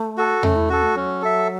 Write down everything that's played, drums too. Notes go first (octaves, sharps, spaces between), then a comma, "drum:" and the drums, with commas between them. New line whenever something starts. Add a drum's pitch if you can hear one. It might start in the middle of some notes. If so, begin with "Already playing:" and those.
Already playing: A3
F#4 A4
A3 C#4, drum: tom E2
E4
C#4 F#4 A4
A3
F#3 C#4
A4 E5